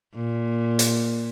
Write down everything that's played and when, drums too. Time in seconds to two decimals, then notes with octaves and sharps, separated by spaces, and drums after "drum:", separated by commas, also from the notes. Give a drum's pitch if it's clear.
0.15 A#2
0.79 drum: hi-hat